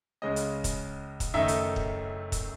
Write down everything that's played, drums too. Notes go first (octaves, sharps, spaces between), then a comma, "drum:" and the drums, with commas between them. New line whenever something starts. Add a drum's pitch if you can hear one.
C#2 C#3 G#3 C#4 D#5
drum: hi-hat
drum: kick, hi-hat
drum: kick, hi-hat
F#1 F#2 D#3 A3 D#4 E5
drum: hi-hat
drum: kick
drum: kick, hi-hat